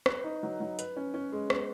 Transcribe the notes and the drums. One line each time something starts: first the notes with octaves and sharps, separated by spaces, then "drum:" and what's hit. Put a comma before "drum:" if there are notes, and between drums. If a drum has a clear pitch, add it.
B4, drum: rim click
D#4
F#3
F#3
B4, drum: hi-hat
C#4
C#4
G#3
B3, drum: rim click